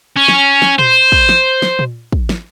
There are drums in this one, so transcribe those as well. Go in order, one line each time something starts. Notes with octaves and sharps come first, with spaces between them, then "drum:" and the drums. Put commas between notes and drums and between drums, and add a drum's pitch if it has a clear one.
C#4
drum: snare
drum: snare
C5, drum: tom A#2
drum: kick
drum: snare
drum: snare
drum: tom A#2
drum: kick
drum: snare